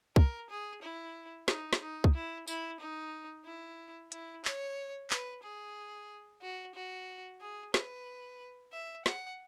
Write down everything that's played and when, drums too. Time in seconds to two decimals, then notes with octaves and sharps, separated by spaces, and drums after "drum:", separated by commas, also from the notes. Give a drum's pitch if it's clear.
0.16 A#4, drum: kick
0.50 G#4
0.82 E4
1.48 D#4, drum: snare
1.73 drum: snare
1.82 D#4
2.04 drum: kick
2.15 E4
2.47 E4, drum: tambourine
2.80 D#4
3.45 E4
4.12 E4, drum: hi-hat
4.45 C#5, drum: clap
5.10 B4, drum: clap
5.43 G#4
6.42 F#4
6.75 F#4
7.41 G#4
7.74 B4, drum: snare
8.72 E5
9.06 F#5, drum: snare